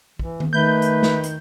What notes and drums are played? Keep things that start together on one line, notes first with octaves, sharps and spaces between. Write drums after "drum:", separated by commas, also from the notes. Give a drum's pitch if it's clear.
E3, drum: kick
drum: tom D#3
D#3 A3 B4 G6
drum: hi-hat
drum: snare
drum: hi-hat